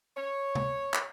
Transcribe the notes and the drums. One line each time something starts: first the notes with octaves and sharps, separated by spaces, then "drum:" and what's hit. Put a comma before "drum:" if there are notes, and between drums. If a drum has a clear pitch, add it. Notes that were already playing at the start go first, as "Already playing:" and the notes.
C#5
drum: tom C3
drum: clap